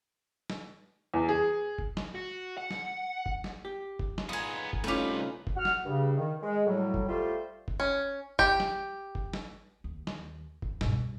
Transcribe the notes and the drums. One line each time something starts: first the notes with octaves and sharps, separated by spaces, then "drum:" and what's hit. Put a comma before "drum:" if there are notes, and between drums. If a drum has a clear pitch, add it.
drum: snare
E2
G#4
drum: kick G1
drum: snare
F#4
F#5
drum: snare
drum: kick G1
drum: snare
G4
drum: kick G1
drum: snare
B3 D#4 F4 G#4
drum: kick G1
C2 A3 C#4 D#4 F4 G4 B4 G6
drum: kick G1
F#4 F#5 F6
drum: snare
G2 C#3
D#3
G#3
A2 F#3 G3
drum: kick G1
G3 A3 F4 G4 A4 C5
drum: kick G1
C#4
G4, drum: kick G1
drum: snare
drum: kick G1
drum: snare
D#2
drum: snare
drum: kick G1
G2 B2, drum: snare